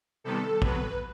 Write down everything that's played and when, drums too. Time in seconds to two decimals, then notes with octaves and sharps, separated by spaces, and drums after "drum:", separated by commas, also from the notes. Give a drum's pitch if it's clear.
0.24 C3 D#3 G3 B3 A4
0.62 C3 F#3 B3 B4, drum: kick